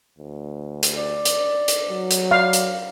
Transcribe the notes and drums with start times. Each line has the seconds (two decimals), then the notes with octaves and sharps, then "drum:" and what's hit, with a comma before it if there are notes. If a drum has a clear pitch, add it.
0.19 D2
0.83 drum: hi-hat
0.97 D5
1.25 drum: hi-hat
1.68 drum: hi-hat
1.91 F#3
2.11 drum: hi-hat
2.31 D5 F5
2.53 drum: hi-hat